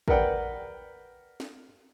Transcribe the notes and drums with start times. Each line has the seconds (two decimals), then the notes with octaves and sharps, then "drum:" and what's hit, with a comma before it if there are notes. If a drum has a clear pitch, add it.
0.08 A#4 B4 D5 F#5 G5, drum: kick
1.40 drum: snare